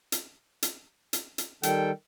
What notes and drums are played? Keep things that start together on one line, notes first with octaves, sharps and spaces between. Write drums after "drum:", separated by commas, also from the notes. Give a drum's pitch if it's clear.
drum: hi-hat
drum: hi-hat
drum: hi-hat
drum: hi-hat
D#3 G3 A4 G5, drum: hi-hat